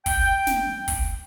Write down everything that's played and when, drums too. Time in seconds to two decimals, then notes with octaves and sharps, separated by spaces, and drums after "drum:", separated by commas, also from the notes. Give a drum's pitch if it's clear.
0.06 G5, drum: kick, open hi-hat
0.47 drum: snare
0.88 drum: kick, open hi-hat